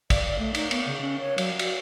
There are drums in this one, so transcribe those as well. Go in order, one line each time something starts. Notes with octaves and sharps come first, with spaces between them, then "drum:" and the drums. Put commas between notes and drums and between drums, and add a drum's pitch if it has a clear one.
D5, drum: kick, cymbal
D5
A3
D#4, drum: cymbal
B3, drum: cymbal
C#3
C#4
C#5
F#3, drum: cymbal
F#4, drum: cymbal